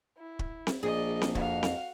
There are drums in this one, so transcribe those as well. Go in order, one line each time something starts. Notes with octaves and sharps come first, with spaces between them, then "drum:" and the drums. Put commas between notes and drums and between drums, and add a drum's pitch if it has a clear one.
E4
drum: kick
drum: snare C4
A#1 G#4 D5 D#5
drum: snare C4
F2 F#4 F5, drum: kick
drum: snare C4